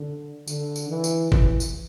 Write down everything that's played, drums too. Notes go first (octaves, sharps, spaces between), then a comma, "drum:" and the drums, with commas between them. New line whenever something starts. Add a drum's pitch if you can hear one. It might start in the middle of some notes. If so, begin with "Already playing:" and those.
Already playing: D3
D3, drum: tambourine
drum: tambourine
E3
drum: tambourine
E3, drum: kick G1
drum: tambourine